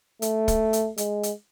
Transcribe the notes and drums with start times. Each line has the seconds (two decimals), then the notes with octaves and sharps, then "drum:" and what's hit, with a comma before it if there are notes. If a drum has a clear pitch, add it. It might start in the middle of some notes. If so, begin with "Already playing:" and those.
0.22 A3, drum: hi-hat
0.48 drum: kick, hi-hat
0.73 drum: hi-hat
0.98 G#3, drum: hi-hat
1.23 drum: hi-hat